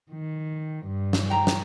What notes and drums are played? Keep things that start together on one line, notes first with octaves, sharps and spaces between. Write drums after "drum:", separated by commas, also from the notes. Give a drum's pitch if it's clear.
D#3
G2
drum: snare
G5 A#5
drum: snare